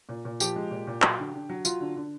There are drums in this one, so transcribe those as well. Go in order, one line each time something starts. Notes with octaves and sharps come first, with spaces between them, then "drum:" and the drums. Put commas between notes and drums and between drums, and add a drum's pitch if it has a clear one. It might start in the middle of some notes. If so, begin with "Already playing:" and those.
A#2
A#2
F3 G4, drum: tambourine
G#3
A#2
A#2
F#3, drum: clap
D3
D3
F#3
F#3 F4, drum: tambourine
D3
D3